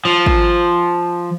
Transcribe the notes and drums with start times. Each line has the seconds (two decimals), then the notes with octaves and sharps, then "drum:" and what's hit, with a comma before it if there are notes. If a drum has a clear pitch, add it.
0.05 F3
0.26 drum: kick